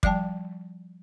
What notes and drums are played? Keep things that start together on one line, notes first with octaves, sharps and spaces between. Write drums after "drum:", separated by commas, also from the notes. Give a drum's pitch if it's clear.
F3 G3 D5 G5 A5, drum: kick